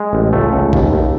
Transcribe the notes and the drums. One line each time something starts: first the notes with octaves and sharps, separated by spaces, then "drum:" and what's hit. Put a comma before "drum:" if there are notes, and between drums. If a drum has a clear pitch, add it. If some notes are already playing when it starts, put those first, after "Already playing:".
Already playing: G#3
A1
C#2 A3
C#2
D#2, drum: kick
D#2